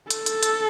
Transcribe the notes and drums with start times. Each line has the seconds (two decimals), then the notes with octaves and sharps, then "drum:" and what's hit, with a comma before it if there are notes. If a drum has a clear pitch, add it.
0.10 A4, drum: hi-hat
0.26 drum: hi-hat
0.43 drum: hi-hat